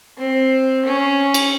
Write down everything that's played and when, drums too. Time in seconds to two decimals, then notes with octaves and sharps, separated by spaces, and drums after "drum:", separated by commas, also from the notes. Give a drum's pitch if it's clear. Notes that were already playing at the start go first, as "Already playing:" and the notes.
0.18 C4
0.85 C#4
1.34 drum: cymbal